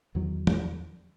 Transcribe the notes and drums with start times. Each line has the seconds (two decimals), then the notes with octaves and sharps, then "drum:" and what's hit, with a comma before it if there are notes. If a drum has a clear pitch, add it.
0.15 E2 D#3 F#3
0.47 drum: tom